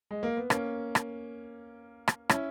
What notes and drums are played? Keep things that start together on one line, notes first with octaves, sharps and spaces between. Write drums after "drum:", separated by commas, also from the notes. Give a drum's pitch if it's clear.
G#3
A#3
B3
A#3 C#4, drum: rim click
drum: rim click
drum: rim click
C#4 E4, drum: rim click